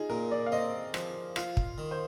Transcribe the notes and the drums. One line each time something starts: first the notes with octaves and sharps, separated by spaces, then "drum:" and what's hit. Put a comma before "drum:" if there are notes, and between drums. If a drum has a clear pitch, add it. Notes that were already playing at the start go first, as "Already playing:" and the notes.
Already playing: D#4 F4 G#4
A#2 A#4
D5
F5
C4 D#5
F3, drum: rim click
F4 F5, drum: rim click
drum: kick
D#3
C5